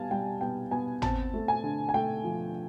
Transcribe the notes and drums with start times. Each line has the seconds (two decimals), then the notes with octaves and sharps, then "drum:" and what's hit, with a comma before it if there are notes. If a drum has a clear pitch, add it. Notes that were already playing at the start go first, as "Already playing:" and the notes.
Already playing: G3 B3 F5 G#5 A5
0.11 G3 G5
0.41 B3 G5
0.71 B3 G#5
1.02 C4 A5, drum: tom
1.34 A3
1.48 G#5
1.64 D3
1.89 G#5
1.94 A3 G5
2.24 F3